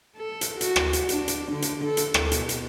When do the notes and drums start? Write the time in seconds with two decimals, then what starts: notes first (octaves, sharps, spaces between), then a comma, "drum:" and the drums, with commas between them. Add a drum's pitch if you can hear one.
0.17 A4
0.41 drum: hi-hat
0.61 F#4, drum: hi-hat
0.76 drum: rim click
0.93 drum: hi-hat
1.09 D4, drum: hi-hat
1.28 drum: hi-hat
1.52 D3
1.62 drum: hi-hat
1.85 A4
1.97 drum: hi-hat
2.14 drum: rim click
2.32 B2, drum: hi-hat
2.49 drum: hi-hat